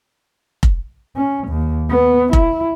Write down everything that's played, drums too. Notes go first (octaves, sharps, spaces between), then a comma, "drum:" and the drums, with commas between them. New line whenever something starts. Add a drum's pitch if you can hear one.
drum: kick F1
C#4
D#2
B3
E4, drum: kick F1